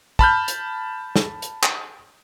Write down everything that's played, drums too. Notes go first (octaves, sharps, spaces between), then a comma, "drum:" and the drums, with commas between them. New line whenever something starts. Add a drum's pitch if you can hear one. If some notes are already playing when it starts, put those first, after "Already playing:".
A5 B5 F6 G6, drum: kick
drum: hi-hat
drum: snare
drum: hi-hat
drum: clap